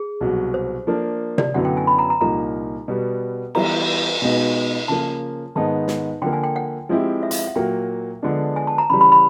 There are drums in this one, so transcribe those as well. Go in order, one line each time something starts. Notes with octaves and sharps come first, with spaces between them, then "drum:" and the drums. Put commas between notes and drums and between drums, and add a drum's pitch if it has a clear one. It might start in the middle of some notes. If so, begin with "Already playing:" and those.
Already playing: G#4
C2 B2 F#3
C5
F3 A#3 D4
D5, drum: tom C3
F#2 D3 F#3 B3 E4 F#5
G5
G#5
B5
A#5
A#5
C2 A#2 F3 A#3 D#4 A#5
B2 G3 B3
E3 G3 B3 E4 A#5, drum: cymbal
B2 G#3 B3 D#4
C#3 F3 A#3 A5
G#2 D#3 G#3 B3 D#4 A5
drum: snare
D3 F3 A#3 G5
G#5
G5
F#5
F3 G#3 C4 E4 G4
E5
F5, drum: hi-hat
E5
F#5
A#2 F#3 A#3 G5
D3 F3 G#3 B3 D4
G#5
A5
A#5
C#3 E3 G3 B5
B5
B5